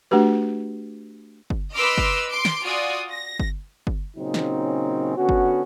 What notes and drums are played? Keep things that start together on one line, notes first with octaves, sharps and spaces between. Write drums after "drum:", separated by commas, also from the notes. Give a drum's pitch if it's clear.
A3 D4 F#4 G4 B4
drum: kick G1
B4 D#5 C6 D6 E6 F6
drum: kick G1
C6 D6 D7
drum: snare
F4 F#4 D5 G#5 D#6
A#6
drum: kick G1
drum: kick G1
A#2 C#3 F#3 C4 C#4 D#4
drum: snare
D3 B3 C#4 F#4
drum: kick G1